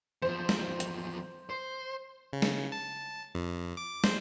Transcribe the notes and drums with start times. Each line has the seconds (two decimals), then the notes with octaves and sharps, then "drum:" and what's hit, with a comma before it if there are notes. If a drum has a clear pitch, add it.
0.22 E2 F3 C5
0.49 drum: snare
0.80 drum: hi-hat
1.50 C5
2.33 C#3
2.42 drum: snare
2.72 A5
3.35 F2
3.77 D6
4.04 C5, drum: snare